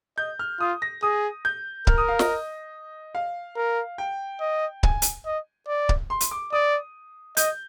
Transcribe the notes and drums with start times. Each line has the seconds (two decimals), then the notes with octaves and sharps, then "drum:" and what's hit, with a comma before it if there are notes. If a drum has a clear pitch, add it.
0.18 D#5 G6
0.39 F6
0.60 F4 D#6
0.82 A#6
1.03 G#4 D#6
1.45 G6
1.87 A#4 F6, drum: kick C#1
1.98 D#6
2.08 F5
2.19 D#5, drum: snare
3.15 F5
3.56 A#4
3.98 G5
4.41 D#5
4.83 G#5, drum: kick C#1
5.02 drum: hi-hat
5.26 D#5
5.68 D5
5.89 drum: kick C#1
6.10 C6
6.20 drum: hi-hat
6.31 D6
6.53 D5 D#6
7.37 D#5 G6, drum: hi-hat